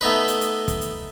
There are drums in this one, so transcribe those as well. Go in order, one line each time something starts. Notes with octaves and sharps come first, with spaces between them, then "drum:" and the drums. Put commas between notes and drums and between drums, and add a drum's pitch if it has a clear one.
A3 B3 D#4 B4
drum: hi-hat
drum: hi-hat
drum: kick, hi-hat
drum: hi-hat